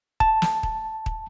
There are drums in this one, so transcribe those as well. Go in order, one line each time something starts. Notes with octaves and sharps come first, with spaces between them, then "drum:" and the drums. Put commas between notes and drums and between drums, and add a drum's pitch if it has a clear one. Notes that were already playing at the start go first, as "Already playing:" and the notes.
A5, drum: kick
drum: snare
drum: kick
drum: kick